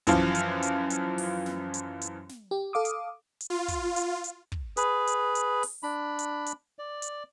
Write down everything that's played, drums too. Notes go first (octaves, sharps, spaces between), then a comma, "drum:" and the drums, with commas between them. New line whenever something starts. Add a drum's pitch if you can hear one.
F#2 E3 F3 F4, drum: kick, hi-hat
drum: hi-hat
drum: hi-hat
drum: hi-hat
drum: open hi-hat
drum: snare
drum: hi-hat
drum: hi-hat
drum: snare
G4
A4 F5 D6 D#6
drum: hi-hat
drum: hi-hat
F4
drum: kick, hi-hat
drum: hi-hat
drum: hi-hat
drum: kick
G#4 B4, drum: hi-hat
drum: hi-hat
drum: hi-hat
drum: open hi-hat
D4 B5
drum: hi-hat
drum: hi-hat
D5
drum: hi-hat